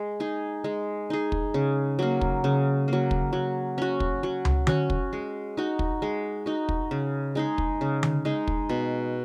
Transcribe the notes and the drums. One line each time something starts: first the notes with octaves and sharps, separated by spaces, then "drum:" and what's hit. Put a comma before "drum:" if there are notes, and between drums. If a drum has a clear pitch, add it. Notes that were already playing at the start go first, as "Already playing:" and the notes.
Already playing: G#3
D#4 G#4
G#3
D#4 G#4
drum: kick
C#3
F#3 A#3
drum: kick
C#3
F#3 A#3
drum: kick
F#3
C#4 F#4
drum: kick
F#3
drum: tom
C#4 F#4, drum: tom D3
drum: kick
G#3
D#4 F#4
drum: kick
G#3
D#4 F#4
drum: kick
C#3
G#3 D#4 G#4
drum: kick
C#3
drum: tom D3
G#3 D#4 G#4
drum: kick
B2